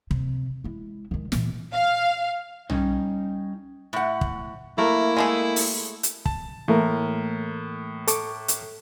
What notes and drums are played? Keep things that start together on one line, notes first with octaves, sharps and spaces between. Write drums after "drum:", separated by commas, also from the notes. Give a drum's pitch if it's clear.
C3, drum: kick
G#3 E4
D#3 G#3
A#2 E3, drum: snare
F5
G3 C#4 D#4, drum: tom B1
A2 F#5
drum: kick
A3 A#3 E4 A#4
G#3 A3 G#4 E5 F#5
drum: open hi-hat
drum: hi-hat
A5, drum: kick
A2 E3 A3 A#3 A#4
A4 C#6 D6, drum: hi-hat
drum: hi-hat